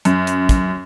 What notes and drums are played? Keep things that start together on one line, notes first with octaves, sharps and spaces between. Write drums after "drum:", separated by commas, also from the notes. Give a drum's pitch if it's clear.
F#2, drum: hi-hat
drum: hi-hat
drum: kick, hi-hat